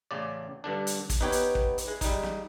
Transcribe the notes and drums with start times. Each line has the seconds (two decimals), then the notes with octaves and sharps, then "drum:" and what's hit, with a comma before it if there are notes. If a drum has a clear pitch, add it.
0.11 A1 C#3 D5
0.64 G2 D3 D4
0.87 drum: hi-hat
1.09 drum: kick, hi-hat
1.21 B3 D#4 G4 B4 C#5 G5
1.32 drum: hi-hat
1.55 drum: kick
1.78 drum: hi-hat
1.87 G#3 E4
2.01 G3 D#4, drum: kick, hi-hat
2.23 drum: snare